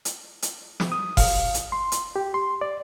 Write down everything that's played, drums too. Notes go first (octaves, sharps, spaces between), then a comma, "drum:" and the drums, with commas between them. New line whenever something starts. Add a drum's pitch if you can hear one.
drum: hi-hat
drum: hi-hat
drum: snare
D#6
F5, drum: kick F#1, open hi-hat
drum: hi-hat
C6
drum: hi-hat
G4
C6
D5